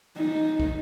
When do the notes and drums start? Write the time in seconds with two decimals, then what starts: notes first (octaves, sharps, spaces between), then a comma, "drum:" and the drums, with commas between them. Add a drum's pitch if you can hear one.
0.17 D#4
0.60 drum: kick